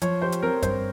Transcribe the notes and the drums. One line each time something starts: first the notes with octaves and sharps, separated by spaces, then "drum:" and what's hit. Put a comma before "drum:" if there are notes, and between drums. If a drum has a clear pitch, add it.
F3 C#5, drum: hi-hat
G4 C5
drum: hi-hat
C4 A#4
G2 C5, drum: kick, hi-hat